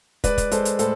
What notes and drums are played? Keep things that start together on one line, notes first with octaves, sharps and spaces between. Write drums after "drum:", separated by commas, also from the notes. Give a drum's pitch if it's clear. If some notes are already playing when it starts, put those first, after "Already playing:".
G#3 B4 D5, drum: kick, hi-hat
drum: kick, hi-hat
G#3 A4 C5, drum: hi-hat
drum: hi-hat
A2 A4 C5, drum: hi-hat